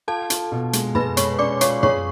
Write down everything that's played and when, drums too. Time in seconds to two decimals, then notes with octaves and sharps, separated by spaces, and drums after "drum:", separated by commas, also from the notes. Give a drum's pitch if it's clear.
0.08 F4 A4 A5
0.30 F4, drum: hi-hat
0.52 B2
0.73 G#3, drum: hi-hat
0.95 G#3 B4 B5, drum: tom
1.17 G#3 C#5 C#6, drum: hi-hat
1.39 C#4 D5 D6
1.61 F4 C#5 C#6, drum: hi-hat
1.83 G#4 C#5 C#6, drum: tom